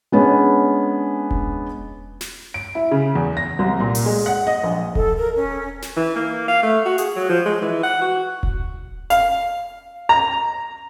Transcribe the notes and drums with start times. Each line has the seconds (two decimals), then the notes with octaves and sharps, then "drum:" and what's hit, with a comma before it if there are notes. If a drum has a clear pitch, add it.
0.12 G#3 B3 C#4 D4
1.31 drum: kick E1
2.21 drum: snare
2.54 D7
2.75 E4
2.91 C#3
3.15 E2
3.37 A#6
3.59 C2
3.80 A#2
3.95 drum: open hi-hat
4.06 G#3
4.26 F#5
4.47 D#5
4.63 A#1
4.95 A4, drum: kick E1
5.17 A#4
5.36 C#4
5.82 drum: snare
5.96 E3
6.16 A#3
6.48 F5
6.63 A3
6.85 F#4
6.98 G#4, drum: hi-hat
7.16 F#3
7.29 F3
7.45 G#3
7.62 E3
7.83 F#5
8.01 F#4
8.43 drum: kick E1
9.10 F5, drum: hi-hat
10.09 A#5